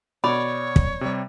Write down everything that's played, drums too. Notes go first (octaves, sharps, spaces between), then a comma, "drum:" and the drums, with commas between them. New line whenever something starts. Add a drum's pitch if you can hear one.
B2 C#5 D5 B5
drum: kick
C3 G3